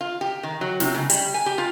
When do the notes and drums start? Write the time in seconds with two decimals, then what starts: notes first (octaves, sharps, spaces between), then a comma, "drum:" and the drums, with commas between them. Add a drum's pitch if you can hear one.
0.01 F4
0.21 G4
0.43 D#3
0.61 F#3
0.80 C3, drum: snare
0.94 C#3
1.10 G3, drum: hi-hat
1.34 G#5
1.46 G4
1.58 F4